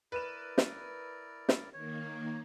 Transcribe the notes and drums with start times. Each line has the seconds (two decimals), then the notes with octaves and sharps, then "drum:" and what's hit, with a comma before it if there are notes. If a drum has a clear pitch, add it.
0.12 E4 A#4 B4 D5 E7
0.58 drum: snare
1.49 drum: snare
1.73 D#3 A#3 C#5